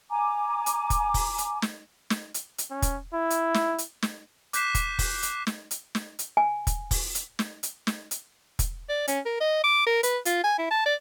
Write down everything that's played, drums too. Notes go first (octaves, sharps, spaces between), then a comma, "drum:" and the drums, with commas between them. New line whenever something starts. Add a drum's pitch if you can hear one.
G#5 A#5 D6
drum: hi-hat
drum: kick, hi-hat
drum: kick, open hi-hat
drum: hi-hat
drum: snare
drum: snare
drum: hi-hat
drum: hi-hat
C#4
drum: kick, hi-hat
E4
drum: hi-hat
drum: snare
drum: hi-hat
drum: snare
D6 F#6 G6 B6 C7 E7, drum: hi-hat
drum: kick, hi-hat
drum: kick, open hi-hat
drum: hi-hat
drum: snare
drum: hi-hat
drum: snare
drum: hi-hat
G#5
drum: kick, hi-hat
drum: kick, open hi-hat
drum: hi-hat
drum: snare
drum: hi-hat
drum: snare
drum: hi-hat
drum: kick, hi-hat
D5
C#4, drum: hi-hat
A#4
D#5
D6
A#4
B4, drum: hi-hat
F4, drum: hi-hat
G#5
E4
A5
D5